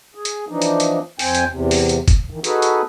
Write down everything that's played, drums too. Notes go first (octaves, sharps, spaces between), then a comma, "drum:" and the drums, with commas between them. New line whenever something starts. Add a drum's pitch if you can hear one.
G#4
drum: hi-hat
E3 F3 D4 D#4
drum: hi-hat
drum: hi-hat
F2 C4 G5 G#5, drum: open hi-hat
drum: hi-hat
E2 C3
drum: open hi-hat
drum: hi-hat
drum: kick F#1, hi-hat
D#3 E3
D#4 F#4 G#4 A4 B4, drum: hi-hat
drum: hi-hat